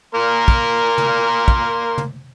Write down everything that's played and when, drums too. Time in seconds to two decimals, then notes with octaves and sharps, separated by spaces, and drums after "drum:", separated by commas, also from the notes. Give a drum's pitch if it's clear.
0.15 A#3 A#4 C6
0.48 drum: kick
0.98 drum: tom
1.48 drum: kick
1.98 drum: tom